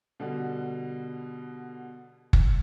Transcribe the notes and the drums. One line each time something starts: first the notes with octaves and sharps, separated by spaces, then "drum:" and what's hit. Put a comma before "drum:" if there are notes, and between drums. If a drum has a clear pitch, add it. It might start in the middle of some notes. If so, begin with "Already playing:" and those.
B2 D3 G3 F#4
drum: kick F#1